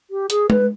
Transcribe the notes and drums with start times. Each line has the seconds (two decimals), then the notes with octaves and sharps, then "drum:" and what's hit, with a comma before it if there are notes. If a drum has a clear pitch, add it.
0.10 G4
0.30 G#4, drum: hi-hat
0.50 B4, drum: tom G#3